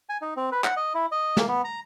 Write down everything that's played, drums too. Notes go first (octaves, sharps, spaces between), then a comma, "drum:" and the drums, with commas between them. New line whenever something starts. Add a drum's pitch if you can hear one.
G#5
D#4
C4
B4
F#5, drum: clap
D#5
E4
D#5
A#3, drum: snare
B3
A#5